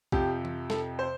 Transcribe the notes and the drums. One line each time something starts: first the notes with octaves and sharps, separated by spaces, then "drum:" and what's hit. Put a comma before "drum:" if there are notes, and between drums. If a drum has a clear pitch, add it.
F2 C3 F3 G4, drum: kick A#1
drum: tom E3
A4, drum: snare
C5